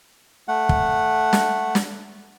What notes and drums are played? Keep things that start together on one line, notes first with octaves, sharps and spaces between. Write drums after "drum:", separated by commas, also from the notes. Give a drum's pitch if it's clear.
A3 F#5
drum: kick
drum: snare
drum: snare